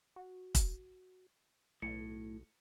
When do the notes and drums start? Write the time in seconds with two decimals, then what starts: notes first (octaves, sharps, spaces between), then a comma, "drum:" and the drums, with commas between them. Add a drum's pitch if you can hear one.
0.16 F#4
0.55 drum: kick, hi-hat
1.82 B1 A2 C#7